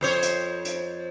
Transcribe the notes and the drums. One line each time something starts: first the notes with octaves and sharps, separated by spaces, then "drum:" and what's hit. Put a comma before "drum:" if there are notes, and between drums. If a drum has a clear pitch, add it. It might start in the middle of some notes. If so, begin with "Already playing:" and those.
F2 C5 C#5
drum: hi-hat
drum: hi-hat